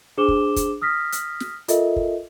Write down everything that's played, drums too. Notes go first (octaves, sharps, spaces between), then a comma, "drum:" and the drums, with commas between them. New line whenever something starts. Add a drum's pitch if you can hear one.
D4 G#4 C5 D6 E7 G7
drum: kick
drum: kick, hi-hat
D#6 F6 A#6 B6
drum: hi-hat
drum: snare
F4 A4 A#4 D#5 E5, drum: hi-hat
drum: kick